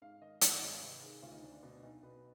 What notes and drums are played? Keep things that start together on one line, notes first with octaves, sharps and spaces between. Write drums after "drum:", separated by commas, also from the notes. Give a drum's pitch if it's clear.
G#2 F5
D#3 D#5
G#1 D5, drum: hi-hat
D5
G#1 D#5
F5
C3 B4
D#3 G#4
D2 F4
D#4
D2 D4
D4
B2 D4
B1 D#4
B2 B4